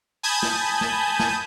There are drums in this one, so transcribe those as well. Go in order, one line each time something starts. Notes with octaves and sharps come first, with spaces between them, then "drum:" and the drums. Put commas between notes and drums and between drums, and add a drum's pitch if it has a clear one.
G#5 A5 B5 D#6 G6 G#6
drum: snare
drum: snare
drum: snare